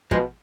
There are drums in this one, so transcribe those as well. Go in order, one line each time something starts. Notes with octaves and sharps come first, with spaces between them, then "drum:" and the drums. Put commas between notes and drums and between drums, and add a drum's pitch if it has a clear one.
B2 F3 G#3, drum: kick